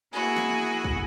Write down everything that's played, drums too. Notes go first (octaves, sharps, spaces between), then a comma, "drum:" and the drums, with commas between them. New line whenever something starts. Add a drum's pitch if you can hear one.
A#3 E4 F#4 G#4
drum: snare
drum: kick